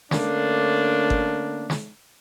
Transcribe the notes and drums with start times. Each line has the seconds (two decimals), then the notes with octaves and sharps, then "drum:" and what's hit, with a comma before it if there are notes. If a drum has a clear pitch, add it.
0.11 D3 A3 A#3 C#4 D4, drum: snare
1.10 drum: kick G1
1.70 drum: snare